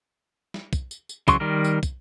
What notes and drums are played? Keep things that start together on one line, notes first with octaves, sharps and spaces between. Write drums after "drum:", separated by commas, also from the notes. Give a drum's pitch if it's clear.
drum: snare
drum: kick, tambourine
drum: tambourine
drum: tambourine
C#3 E3 F#3 C6 C#6, drum: kick, tambourine
D#3 G3 A#4
drum: tambourine
drum: kick, tambourine